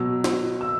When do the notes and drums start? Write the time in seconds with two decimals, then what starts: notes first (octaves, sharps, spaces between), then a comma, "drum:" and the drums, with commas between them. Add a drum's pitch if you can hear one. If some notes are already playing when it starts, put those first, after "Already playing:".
Already playing: B2 F#3 E6
0.24 drum: snare
0.61 E6